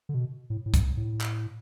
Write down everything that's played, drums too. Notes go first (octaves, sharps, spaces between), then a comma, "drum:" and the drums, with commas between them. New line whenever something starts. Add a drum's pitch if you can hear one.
D3
B2
A2
A2
G2, drum: kick C2, hi-hat
A2
drum: clap